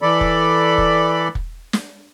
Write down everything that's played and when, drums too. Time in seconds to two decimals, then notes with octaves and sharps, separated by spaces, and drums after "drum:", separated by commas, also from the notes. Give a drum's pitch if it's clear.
0.02 E3 A4 D5 B5
0.21 drum: kick
0.78 drum: kick
1.35 drum: kick
1.73 drum: snare